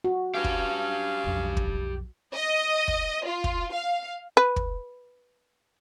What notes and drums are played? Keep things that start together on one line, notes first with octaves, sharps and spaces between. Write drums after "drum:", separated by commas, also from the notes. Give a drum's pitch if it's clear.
F#4
C#4 G4 B4 F5
drum: kick
B1 F2
drum: kick
D#5
drum: kick
F4
drum: kick
F5
B4
drum: kick